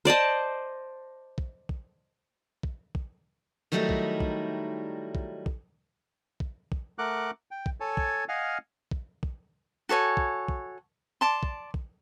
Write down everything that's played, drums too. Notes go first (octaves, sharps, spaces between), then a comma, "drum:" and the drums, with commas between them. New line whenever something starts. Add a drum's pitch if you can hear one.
C5 D5 D#5 A5
drum: kick
drum: kick
drum: kick
drum: kick
D#3 F#3 G3 A3 D#4 E4
drum: kick
drum: kick
drum: kick
drum: kick
drum: kick
drum: kick
A3 A#4 F#5 D6 F#6
G5
drum: kick
A4 C#5 G#5 A5
drum: kick
D#5 F5 F#5 G#5 F6
drum: kick
drum: kick
F#4 A4 C#5 G#5
drum: kick
drum: kick
D5 A5 C6
drum: kick
drum: kick